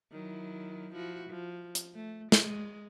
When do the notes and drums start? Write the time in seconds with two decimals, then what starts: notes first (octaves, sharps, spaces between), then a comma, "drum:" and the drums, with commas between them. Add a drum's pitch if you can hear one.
0.12 D#3 F#3 E4
0.94 F3 E4 F#4
1.30 F3
1.75 drum: hi-hat
1.95 A3
2.32 G#3, drum: snare